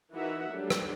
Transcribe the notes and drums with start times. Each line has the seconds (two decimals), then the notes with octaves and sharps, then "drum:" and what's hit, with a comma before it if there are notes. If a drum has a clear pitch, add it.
0.12 E3 D#4 F#4 A#4 E5 F#5
0.50 F#3 G3 A3 D4
0.70 drum: rim click